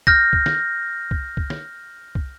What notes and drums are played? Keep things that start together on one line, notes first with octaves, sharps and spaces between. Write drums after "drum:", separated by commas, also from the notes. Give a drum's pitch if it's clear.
F6 G6 A#6, drum: kick C2
drum: kick C2
drum: snare
drum: kick C2
drum: kick C2
drum: snare
drum: kick C2